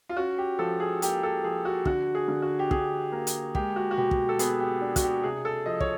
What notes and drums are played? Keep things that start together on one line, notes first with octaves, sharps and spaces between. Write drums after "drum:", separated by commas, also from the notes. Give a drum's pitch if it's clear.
F4
C#4 F#4
G4
F3 A4
G#4
A#3 G4, drum: hi-hat
A4
F3 G#4
F#4
D3 F#4, drum: kick
G#4
D3
F#4
G4
D3 G#4, drum: kick
A#3
drum: hi-hat
G#3 G4, drum: kick
F#4
F#4
B2 G4
drum: kick
A4
B3 G#4, drum: hi-hat
G4
D4
F#4, drum: kick, hi-hat
G4
C3 G#4
A4
F3 D#5
C#5, drum: kick